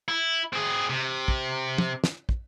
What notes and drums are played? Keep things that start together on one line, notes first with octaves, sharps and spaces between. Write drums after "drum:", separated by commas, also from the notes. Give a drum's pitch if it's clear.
E4
C4 G#4
C3
drum: kick
drum: tom
drum: snare
drum: kick